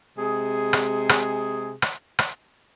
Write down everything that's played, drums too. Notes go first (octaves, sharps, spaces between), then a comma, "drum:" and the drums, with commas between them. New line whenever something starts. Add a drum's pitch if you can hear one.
C3 G#3 G#4
drum: rim click
drum: rim click
drum: rim click
drum: rim click